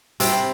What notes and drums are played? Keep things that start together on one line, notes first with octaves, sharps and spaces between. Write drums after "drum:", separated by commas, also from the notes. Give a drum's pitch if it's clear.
C3 G3 C4, drum: hi-hat